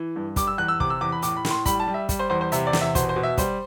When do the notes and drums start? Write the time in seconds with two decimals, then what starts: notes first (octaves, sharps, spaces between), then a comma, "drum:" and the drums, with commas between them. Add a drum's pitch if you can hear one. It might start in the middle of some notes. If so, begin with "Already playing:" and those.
Already playing: E3
0.16 G2
0.36 G3 D6, drum: kick, hi-hat
0.47 E6
0.58 E2 F#6
0.68 E6
0.80 C3 D6, drum: kick
0.90 E6
1.01 E2 D6
1.12 B5
1.22 A2 D6, drum: hi-hat
1.37 B5
1.45 A2, drum: snare
1.51 C6
1.66 G3 B5, drum: kick, hi-hat
1.80 A5
1.87 G3
1.94 E5
2.09 G3, drum: kick, hi-hat
2.19 C5
2.30 E2 C5
2.41 C5
2.52 C3 E5, drum: hi-hat
2.67 D5
2.73 E2, drum: snare
2.81 E5
2.95 B2 C5, drum: kick, hi-hat
3.09 C5
3.16 B2
3.23 E5
3.37 G3 C5, drum: kick, hi-hat